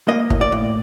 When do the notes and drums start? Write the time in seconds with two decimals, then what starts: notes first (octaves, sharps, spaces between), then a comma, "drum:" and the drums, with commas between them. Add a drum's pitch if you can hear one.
0.08 A#3 D#5
0.30 A2, drum: kick
0.41 D5
0.52 A2